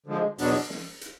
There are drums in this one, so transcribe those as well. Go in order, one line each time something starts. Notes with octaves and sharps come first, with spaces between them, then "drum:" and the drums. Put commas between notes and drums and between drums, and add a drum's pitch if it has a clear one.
D3 F3 G#3
E2 B2 F#3 B3 D4, drum: open hi-hat
drum: snare
drum: hi-hat